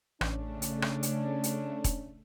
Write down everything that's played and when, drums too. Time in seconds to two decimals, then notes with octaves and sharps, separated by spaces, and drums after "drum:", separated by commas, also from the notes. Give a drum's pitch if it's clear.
0.21 A1 C#3 A3 C#4 D4, drum: rim click
0.62 drum: hi-hat
0.82 drum: rim click
1.03 drum: hi-hat
1.44 drum: hi-hat
1.84 drum: kick E1, hi-hat